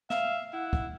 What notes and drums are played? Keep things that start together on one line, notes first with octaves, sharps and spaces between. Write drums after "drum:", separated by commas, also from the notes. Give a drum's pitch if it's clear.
E5 F5, drum: snare
E4 F#5
drum: kick